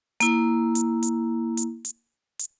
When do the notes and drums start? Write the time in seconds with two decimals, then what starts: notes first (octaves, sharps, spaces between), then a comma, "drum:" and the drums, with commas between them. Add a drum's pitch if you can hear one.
0.20 A#3 E4, drum: hi-hat
0.75 drum: hi-hat
1.03 drum: hi-hat
1.57 drum: hi-hat
1.85 drum: hi-hat
2.39 drum: hi-hat